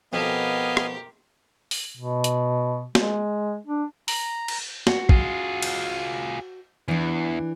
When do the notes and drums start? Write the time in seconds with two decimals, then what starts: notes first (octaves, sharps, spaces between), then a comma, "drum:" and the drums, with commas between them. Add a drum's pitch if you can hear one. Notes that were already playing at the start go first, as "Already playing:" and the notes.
0.13 F2 B2 B3 G4 A#4 D#5 F5 G#5
0.77 drum: rim click
1.71 drum: open hi-hat
1.97 B2
2.24 drum: hi-hat
2.95 G#3, drum: snare
3.67 D4
4.08 A#5, drum: open hi-hat
4.48 drum: cymbal
4.87 F#4, drum: snare
5.09 F4 G#4, drum: kick
5.62 drum: cymbal
6.88 E2 E3 D4